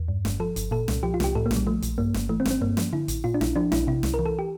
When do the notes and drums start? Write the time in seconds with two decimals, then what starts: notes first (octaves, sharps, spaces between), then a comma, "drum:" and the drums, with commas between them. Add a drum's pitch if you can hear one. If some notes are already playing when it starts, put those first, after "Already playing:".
Already playing: E2
0.08 G2
0.25 G1, drum: snare
0.40 F3 A4
0.56 G1, drum: hi-hat
0.71 A#2 A4
0.88 C2, drum: snare
1.03 F3 G4
1.14 F4
1.20 C2 G4, drum: snare
1.35 A2 A4
1.46 A#3
1.51 A#1, drum: snare
1.56 G3
1.67 F3 A3
1.82 A#1, drum: hi-hat
1.98 G2 A#3
2.14 G1, drum: snare
2.29 E3 A3
2.40 C4
2.45 G1, drum: snare
2.50 C4
2.61 G2 A#3
2.77 F3, drum: snare
2.93 D3 E4
3.08 A1, drum: hi-hat
3.24 A#2 F4
3.34 D4
3.41 A#1 E4, drum: snare
3.56 F3 D4
3.72 A#1 E4, drum: snare
3.87 C3 E4
4.03 C2, drum: snare
4.14 A#4
4.19 E3
4.26 A4
4.39 G4